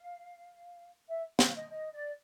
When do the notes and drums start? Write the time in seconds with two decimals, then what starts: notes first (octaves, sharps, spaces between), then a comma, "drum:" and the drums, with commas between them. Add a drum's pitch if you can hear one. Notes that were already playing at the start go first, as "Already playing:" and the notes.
Already playing: F5
1.07 E5
1.39 F5, drum: snare
1.55 D#5
1.71 D#5
1.93 D5